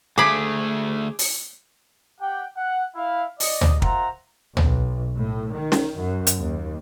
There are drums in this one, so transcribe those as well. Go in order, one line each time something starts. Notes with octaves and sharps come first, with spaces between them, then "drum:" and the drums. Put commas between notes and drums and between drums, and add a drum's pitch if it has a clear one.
D2 A3 G#4 B5 D6
drum: open hi-hat
G4 F#5 G5
F#5
E4 F5
D5 D#5, drum: open hi-hat
drum: tom
F4 A#4 C5 E5 F#5 A#5, drum: kick
B1, drum: tom
A2
D#3
drum: snare
F#2
drum: hi-hat
D#2